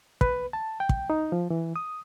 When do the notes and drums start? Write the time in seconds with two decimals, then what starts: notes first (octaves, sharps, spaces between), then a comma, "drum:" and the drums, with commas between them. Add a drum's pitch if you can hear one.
0.21 B4, drum: kick
0.53 A5
0.80 G5
0.89 drum: kick
1.10 D#4
1.32 F3
1.50 E3
1.76 D#6